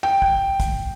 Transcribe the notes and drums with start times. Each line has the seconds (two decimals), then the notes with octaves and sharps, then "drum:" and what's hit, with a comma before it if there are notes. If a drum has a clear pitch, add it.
0.03 G5
0.22 drum: kick
0.60 drum: kick, hi-hat